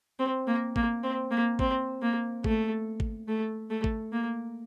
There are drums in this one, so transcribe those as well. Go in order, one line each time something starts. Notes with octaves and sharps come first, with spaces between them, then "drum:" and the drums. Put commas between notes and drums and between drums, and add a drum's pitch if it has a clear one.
C4
A#3
A#3, drum: kick G#1
C4
A#3
C4, drum: kick G#1
A#3
A3, drum: kick G#1
drum: kick G#1
A3
A3
drum: kick G#1
A#3